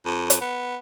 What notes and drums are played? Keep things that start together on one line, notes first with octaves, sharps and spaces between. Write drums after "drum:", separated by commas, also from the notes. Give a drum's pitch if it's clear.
F2
drum: hi-hat
B3